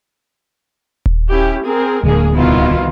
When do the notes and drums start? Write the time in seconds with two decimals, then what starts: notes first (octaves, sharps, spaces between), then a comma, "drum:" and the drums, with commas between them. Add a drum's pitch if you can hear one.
1.06 drum: kick D#1
1.29 C#4 E4 G4
1.65 C4 G#4 A#4
2.03 D1 D3 G#3 A#3 G#4
2.35 C2 B2 D#3 E4 F4